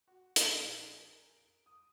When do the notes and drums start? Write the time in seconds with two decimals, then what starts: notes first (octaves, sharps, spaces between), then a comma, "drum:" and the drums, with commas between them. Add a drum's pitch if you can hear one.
0.08 F#4
0.36 drum: hi-hat
0.51 A#1
0.83 G#4
1.10 A#4
1.37 D7
1.66 D#6